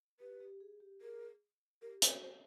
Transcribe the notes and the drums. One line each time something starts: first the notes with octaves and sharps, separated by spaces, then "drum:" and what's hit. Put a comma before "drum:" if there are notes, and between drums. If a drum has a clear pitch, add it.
G4 B4
G4
G#4
G4
G#4 A#4
G4 A#4
B4, drum: hi-hat
F#4
C5